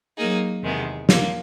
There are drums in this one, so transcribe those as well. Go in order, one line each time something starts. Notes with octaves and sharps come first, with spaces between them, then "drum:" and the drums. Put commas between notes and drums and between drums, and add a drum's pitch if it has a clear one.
F#3 A#3 D#4 G#4
E2 C3 D#3 G#3 B3
F3 A#3, drum: snare